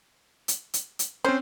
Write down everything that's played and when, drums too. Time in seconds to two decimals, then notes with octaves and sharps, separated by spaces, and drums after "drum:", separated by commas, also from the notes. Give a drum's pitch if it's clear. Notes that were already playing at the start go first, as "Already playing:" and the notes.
0.48 drum: hi-hat
0.74 drum: hi-hat
0.99 drum: hi-hat
1.25 C4 C#4 C5